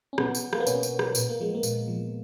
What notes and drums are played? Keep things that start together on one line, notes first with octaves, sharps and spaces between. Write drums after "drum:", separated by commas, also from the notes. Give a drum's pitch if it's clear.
C#4
B2 B3, drum: rim click
drum: tambourine
A#3, drum: rim click
B3
B2 C#4, drum: tambourine
drum: tambourine
drum: rim click
A#2 B3, drum: tambourine
A#3
F3 G#3
A#3
A#2, drum: tambourine
F3